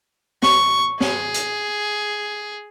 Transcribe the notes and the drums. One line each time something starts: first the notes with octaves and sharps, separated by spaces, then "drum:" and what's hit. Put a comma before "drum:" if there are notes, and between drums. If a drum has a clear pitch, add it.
C#6, drum: snare
G#4, drum: snare
drum: hi-hat